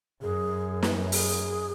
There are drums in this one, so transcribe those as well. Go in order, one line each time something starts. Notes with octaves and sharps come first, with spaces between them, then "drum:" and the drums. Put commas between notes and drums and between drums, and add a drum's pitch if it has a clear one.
F#2 G#4
drum: snare
G#4, drum: open hi-hat